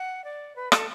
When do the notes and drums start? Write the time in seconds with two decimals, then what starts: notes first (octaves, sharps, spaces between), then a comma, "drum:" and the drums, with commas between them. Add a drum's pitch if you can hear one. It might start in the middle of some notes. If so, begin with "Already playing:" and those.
Already playing: F#5
0.24 D5
0.56 B4
0.72 A4, drum: rim click